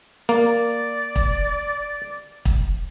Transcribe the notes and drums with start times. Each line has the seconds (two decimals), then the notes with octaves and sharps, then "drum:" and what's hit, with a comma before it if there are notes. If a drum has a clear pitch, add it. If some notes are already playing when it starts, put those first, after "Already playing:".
0.29 A#3 D5
1.16 drum: kick
2.45 drum: kick